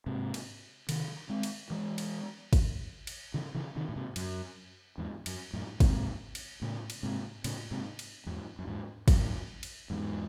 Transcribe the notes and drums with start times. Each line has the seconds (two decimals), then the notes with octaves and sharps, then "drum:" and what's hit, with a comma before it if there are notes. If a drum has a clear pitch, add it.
0.06 G#2 C3
0.34 drum: cymbal
0.89 C3 D#3, drum: cymbal
1.29 G#3 C4
1.43 drum: cymbal
1.70 E3 G#3
1.98 drum: cymbal
2.53 drum: kick, cymbal
3.07 drum: cymbal
3.34 C#3 E3
3.55 C#3 E3
3.76 C3 D#3
3.89 A2
3.96 G#2 C3
4.16 F#2, drum: cymbal
4.98 E2 G#2
5.26 F#2, drum: cymbal
5.53 F#2 A2
5.80 G#2 C3, drum: kick, cymbal
6.35 drum: cymbal
6.62 A2 C#3
6.90 drum: cymbal
7.03 G#2 C3
7.44 A2 C#3, drum: cymbal
7.71 G#2 C3
7.99 drum: cymbal
8.26 E2 G#2
8.59 F#2
8.67 E2 G#2
9.08 F#2 A2, drum: kick, cymbal
9.63 drum: cymbal
9.90 E2 G#2